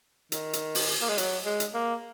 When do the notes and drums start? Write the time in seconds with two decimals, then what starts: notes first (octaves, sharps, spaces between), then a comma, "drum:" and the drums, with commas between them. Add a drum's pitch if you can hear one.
0.32 D#3, drum: hi-hat
0.53 drum: hi-hat
0.75 drum: open hi-hat
1.01 A#3
1.09 G#3
1.18 F#3, drum: hi-hat
1.45 G#3
1.60 drum: hi-hat
1.74 A#3